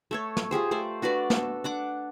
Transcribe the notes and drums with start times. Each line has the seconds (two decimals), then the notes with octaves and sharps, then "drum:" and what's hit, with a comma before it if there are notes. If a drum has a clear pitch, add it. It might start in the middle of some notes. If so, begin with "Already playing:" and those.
0.11 A3 A4 C#5
0.37 drum: snare
0.51 F4 G4 G#4 C5
0.71 A3 C5 D5
1.02 D4 F#4 B4 D5
1.30 A4, drum: snare
1.64 D4 F#5 D6